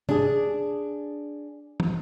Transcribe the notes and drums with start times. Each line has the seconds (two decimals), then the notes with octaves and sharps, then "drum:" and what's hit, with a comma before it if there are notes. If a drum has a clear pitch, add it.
0.09 D4 G#4, drum: tom
1.80 drum: tom